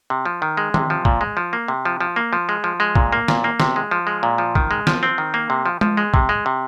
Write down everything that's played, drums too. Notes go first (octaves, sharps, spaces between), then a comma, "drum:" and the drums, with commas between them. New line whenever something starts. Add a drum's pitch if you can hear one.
C3
F3
D#3
G#3
C3, drum: tom D#3
F3
A#2, drum: kick
G#3
F3
A#3
C3
F3
F3
A#3
F3
G#3
F3
G#3
A#2, drum: kick
A#3
A#2, drum: snare
A#3
C3, drum: snare
G#3
F3
G#3
A#2
F3
D#3, drum: kick
G#3
F3, drum: snare
C4
D#3
A#3
C3
F3
F3, drum: tom G#3
G#3
C3, drum: kick
G#3
C3